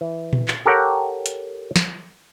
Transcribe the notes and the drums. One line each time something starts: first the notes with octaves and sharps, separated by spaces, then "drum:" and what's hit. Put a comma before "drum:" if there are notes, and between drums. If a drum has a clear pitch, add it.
E3
drum: tom A#2
drum: clap
G4 A4 A#4 C#5 F#5 G5
drum: hi-hat
drum: snare